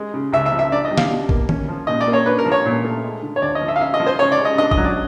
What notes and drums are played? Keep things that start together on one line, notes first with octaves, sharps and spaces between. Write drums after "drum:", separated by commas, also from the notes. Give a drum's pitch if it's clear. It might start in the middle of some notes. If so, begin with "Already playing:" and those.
Already playing: G#3
C#3
C#2 E5
E5
F3
E5
D4 D5
D#5
G3
F5, drum: snare
B2
A#3, drum: kick
C#4, drum: tom D#3
F3
A#2 D#5
D5
A#3
C#5
D4 B4
A#4
F3
C#5
A#2
A3
G#3
D3
C#5
D2 D5
D#5
F3
E5
F5
C#4 E5
D#5
F3
C5
C#3 C#5
D5
G#3
D#5
D4 D#5
D#5, drum: kick
F#3
D5